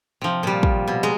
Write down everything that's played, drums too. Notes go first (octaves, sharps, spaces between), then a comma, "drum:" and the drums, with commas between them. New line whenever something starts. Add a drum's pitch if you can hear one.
C3 F3
A#2 G3
drum: kick
B2
G#3 A#5